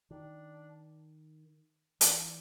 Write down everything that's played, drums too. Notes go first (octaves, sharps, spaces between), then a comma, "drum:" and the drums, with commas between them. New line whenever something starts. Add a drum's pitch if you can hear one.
D#3 D4
E3 D4, drum: hi-hat